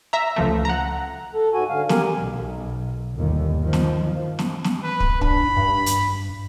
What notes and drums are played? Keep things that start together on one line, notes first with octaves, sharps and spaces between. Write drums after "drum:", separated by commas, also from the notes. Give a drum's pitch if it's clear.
E5 A#5
C#2 F3 A3
F#5 A#5
A4
G#2 F#4 G#5
D3 F5
G4 A#4 G#5, drum: snare
B1
G1 D#2
D#3 F3
drum: snare
drum: snare
drum: snare
B4
drum: kick
D4 B5, drum: kick
G2
drum: hi-hat